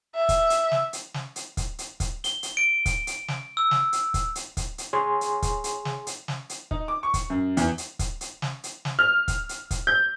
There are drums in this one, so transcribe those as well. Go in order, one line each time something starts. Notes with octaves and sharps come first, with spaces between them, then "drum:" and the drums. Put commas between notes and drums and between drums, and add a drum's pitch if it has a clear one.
E5
drum: kick, hi-hat
drum: hi-hat
drum: snare
drum: hi-hat
drum: snare
drum: hi-hat
drum: kick, hi-hat
drum: hi-hat
drum: kick, hi-hat
G7, drum: hi-hat
drum: hi-hat
D7
drum: kick, hi-hat
drum: hi-hat
drum: snare
E6
drum: snare
drum: hi-hat
drum: kick, hi-hat
drum: hi-hat
drum: kick, hi-hat
drum: hi-hat
G#4 C#5 G#5 C6
drum: hi-hat
drum: kick, hi-hat
drum: hi-hat
drum: snare
drum: hi-hat
drum: snare
drum: hi-hat
D#4, drum: kick
D6
C#6
drum: kick, hi-hat
F#2
E2, drum: hi-hat
drum: hi-hat
drum: kick, hi-hat
drum: hi-hat
drum: snare
drum: hi-hat
drum: snare
F6
drum: kick, hi-hat
drum: hi-hat
drum: kick, hi-hat
G6